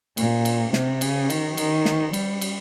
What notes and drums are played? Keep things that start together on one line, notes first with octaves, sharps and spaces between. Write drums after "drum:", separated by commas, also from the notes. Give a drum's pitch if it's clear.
A#2, drum: cymbal
drum: cymbal
C3, drum: snare
C#3, drum: cymbal
D#3, drum: cymbal
D#3, drum: cymbal
drum: snare
G3, drum: cymbal
drum: cymbal